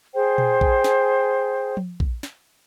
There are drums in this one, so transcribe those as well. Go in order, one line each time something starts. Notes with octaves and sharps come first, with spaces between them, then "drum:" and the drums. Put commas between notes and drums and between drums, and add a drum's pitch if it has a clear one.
G#4 C5 G5
drum: tom A#2
drum: kick A#1
drum: snare
drum: tom F3
drum: kick A#1
drum: snare